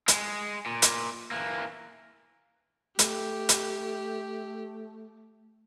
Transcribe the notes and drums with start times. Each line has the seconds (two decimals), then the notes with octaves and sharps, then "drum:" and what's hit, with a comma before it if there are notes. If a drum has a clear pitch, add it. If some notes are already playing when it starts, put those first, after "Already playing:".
0.08 G#3, drum: hi-hat
0.66 A#2
0.82 drum: hi-hat
1.31 E3 A#3
2.99 A3 G4, drum: hi-hat
3.49 drum: hi-hat